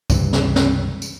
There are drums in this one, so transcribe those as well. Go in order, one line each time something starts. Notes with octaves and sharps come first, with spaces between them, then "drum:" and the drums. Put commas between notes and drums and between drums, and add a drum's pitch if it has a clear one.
C#2 G2 C3 E3, drum: kick, tambourine
drum: snare
drum: snare
drum: tambourine